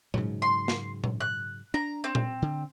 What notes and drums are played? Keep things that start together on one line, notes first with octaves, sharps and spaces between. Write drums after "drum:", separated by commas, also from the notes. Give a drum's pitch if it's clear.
G#2 C#3 F#3, drum: tom A#2
C6
drum: snare
drum: tom A#2
F#6
D4 A#5
C4
drum: tom A#2
D3